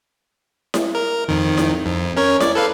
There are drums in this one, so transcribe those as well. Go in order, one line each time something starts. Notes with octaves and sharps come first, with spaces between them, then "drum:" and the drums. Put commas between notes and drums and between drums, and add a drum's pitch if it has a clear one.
drum: snare E4
A#4
F2 D#3
drum: snare E4
F2
C#4 A#4 C#5
D5, drum: snare E4
A4 B4 F5